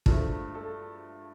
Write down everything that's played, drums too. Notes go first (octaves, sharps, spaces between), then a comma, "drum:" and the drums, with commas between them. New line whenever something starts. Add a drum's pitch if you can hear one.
G2 F3 A3 A4, drum: kick
A4